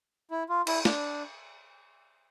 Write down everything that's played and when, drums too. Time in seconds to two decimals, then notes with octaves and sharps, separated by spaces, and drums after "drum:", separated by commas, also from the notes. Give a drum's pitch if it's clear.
0.31 E4
0.49 F4
0.67 E4, drum: cymbal
0.85 D4, drum: snare